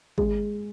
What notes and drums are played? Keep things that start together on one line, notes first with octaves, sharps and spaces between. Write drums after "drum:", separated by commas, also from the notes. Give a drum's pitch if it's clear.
G#3, drum: kick G#1